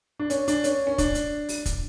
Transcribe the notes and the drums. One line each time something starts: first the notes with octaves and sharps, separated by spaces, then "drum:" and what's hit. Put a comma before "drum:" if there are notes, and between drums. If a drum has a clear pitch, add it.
D4
C#4, drum: hi-hat
D4, drum: hi-hat
C#4, drum: hi-hat
C#4
D4, drum: kick, hi-hat
drum: hi-hat
drum: open hi-hat
drum: kick, hi-hat